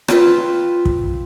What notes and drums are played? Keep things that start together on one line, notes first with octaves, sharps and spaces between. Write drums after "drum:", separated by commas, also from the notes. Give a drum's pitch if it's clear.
C4 F4 B4, drum: rim click
drum: kick